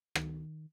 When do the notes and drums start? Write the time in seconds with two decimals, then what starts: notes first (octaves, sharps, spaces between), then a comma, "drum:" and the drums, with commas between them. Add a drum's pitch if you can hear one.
0.15 D#3, drum: rim click